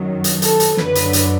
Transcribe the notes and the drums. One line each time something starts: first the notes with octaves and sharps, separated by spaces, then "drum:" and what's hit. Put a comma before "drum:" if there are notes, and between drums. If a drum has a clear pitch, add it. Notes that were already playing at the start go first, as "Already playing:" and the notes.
Already playing: F#2 D#3 F#3
drum: hi-hat
A4, drum: hi-hat
drum: hi-hat
F#2 D3 F#3 B4, drum: snare
drum: hi-hat
drum: hi-hat